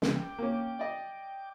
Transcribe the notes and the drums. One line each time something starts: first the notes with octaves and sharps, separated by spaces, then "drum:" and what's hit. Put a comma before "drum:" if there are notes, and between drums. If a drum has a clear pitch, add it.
C#3 G#3 B3, drum: snare
G5 D6
A#3 C#4
D5 D#5